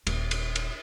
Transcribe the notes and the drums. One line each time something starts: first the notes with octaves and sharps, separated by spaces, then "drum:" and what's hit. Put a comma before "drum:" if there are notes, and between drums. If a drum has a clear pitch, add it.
D#1, drum: cymbal
drum: cymbal
drum: cymbal